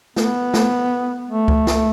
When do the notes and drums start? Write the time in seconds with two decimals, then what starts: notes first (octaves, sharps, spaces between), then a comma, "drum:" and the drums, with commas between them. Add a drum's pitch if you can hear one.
0.16 B3, drum: snare
0.54 drum: snare
1.29 A3
1.48 drum: kick C#2
1.67 drum: snare